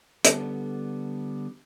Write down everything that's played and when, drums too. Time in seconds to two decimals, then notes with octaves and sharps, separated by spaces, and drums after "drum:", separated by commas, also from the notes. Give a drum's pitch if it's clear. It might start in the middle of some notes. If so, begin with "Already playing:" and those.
0.25 D3 G3 B3 A4, drum: hi-hat